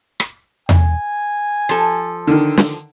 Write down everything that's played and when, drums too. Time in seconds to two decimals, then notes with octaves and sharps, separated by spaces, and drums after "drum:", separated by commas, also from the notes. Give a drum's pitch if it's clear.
0.20 drum: rim click
0.69 G#5, drum: tom E2
1.69 F3 A4
2.27 D3 D#3
2.57 drum: snare